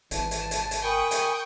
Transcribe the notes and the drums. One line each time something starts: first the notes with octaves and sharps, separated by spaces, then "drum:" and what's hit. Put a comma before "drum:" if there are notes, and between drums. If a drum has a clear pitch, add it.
G#1 E3 A5, drum: hi-hat
drum: hi-hat
drum: hi-hat
drum: hi-hat
A#4 G5 G#5 B5 C#6 D#6
drum: hi-hat